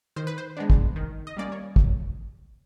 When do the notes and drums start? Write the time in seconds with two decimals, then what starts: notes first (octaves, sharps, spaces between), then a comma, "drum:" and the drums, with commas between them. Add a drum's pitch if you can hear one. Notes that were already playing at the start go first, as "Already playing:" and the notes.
0.16 D#3 C5
0.27 B4
0.38 C5
0.57 G#3 B3 D4
0.70 drum: kick
0.96 D#3
1.27 D#5
1.37 G3 A#3 C#4 D5
1.52 C#5
1.76 drum: kick